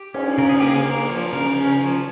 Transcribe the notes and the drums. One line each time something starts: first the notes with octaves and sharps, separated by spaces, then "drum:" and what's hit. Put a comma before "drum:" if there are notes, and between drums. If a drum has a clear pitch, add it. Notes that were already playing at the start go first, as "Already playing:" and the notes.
Already playing: G4
C#4, drum: cymbal
C#3 A#4
G#4
A#3 G4
G#4
A#3 A#4
F3
C#3 A#4
C#4
F3